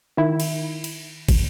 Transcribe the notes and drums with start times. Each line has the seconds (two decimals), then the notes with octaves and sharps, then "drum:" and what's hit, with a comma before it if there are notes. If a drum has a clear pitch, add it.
0.17 D#3 E4
0.40 drum: cymbal
0.84 drum: cymbal
1.29 drum: kick, cymbal